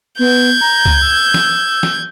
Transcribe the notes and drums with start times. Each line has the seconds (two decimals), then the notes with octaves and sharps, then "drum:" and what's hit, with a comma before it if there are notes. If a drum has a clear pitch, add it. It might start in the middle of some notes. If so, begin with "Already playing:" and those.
0.19 B3 G6 G#6
0.61 A#5
0.85 drum: kick C#2
1.02 E6
1.34 drum: snare
1.83 drum: snare